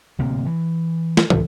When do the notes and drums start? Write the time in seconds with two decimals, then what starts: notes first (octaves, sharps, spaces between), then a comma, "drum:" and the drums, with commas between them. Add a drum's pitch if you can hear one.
0.18 D1 D2 C3 A#3
0.46 E3
1.17 drum: snare
1.30 C#2 A2 C3 A3, drum: tom